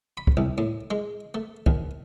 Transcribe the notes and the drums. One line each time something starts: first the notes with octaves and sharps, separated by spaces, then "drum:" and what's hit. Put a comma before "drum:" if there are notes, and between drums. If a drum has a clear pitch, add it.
B5
drum: kick
C2
A2
G#3
A3
D#2, drum: kick